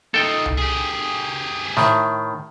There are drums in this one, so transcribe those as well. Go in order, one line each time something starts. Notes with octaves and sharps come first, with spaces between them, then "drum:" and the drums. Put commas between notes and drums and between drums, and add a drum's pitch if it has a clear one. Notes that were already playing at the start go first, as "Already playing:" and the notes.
D#4 F4 A4 G5
drum: tom C2
G4 G#4
A2 D#3, drum: snare